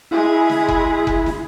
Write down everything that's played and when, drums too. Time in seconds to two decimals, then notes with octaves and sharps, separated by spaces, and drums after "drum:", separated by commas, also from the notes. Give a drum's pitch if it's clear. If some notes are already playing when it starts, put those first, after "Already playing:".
0.11 G#3 E4 G#4
0.49 drum: snare
0.69 drum: kick F1
1.07 drum: kick F1
1.26 drum: snare